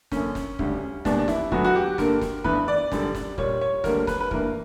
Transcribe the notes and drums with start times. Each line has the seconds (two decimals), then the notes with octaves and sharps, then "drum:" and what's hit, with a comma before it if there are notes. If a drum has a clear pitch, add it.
0.11 F#2 D3 A#3 C#4, drum: snare
0.35 drum: snare
0.59 D2 C#3 G3, drum: kick
1.05 E2 B2 G3 A#3 D4, drum: snare
1.18 D4
1.28 E4, drum: snare
1.52 E2 D3 F#3 B3 F#4, drum: kick
1.64 F#4
1.75 G4
1.98 G2 D3 A#3 A#4, drum: snare
2.21 drum: snare
2.44 G2 E3 B3 B4, drum: kick
2.68 D5
2.92 F#2 D3 G3, drum: snare
3.15 drum: snare
3.38 A#2 G3 A#3 C#5, drum: kick
3.61 C#5
3.84 D2 D3 G3 A#3 A#4, drum: snare
4.07 B4, drum: snare
4.20 B4
4.31 G2 E3 A#3 A#4, drum: kick